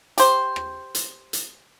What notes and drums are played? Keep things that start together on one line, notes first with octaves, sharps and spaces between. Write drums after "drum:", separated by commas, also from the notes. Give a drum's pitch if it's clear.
G4 C5, drum: hi-hat
drum: rim click
drum: hi-hat
drum: hi-hat